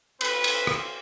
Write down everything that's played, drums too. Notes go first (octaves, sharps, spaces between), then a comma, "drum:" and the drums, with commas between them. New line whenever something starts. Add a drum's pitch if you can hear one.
C4 F4 B4, drum: cymbal
drum: cymbal
drum: rim click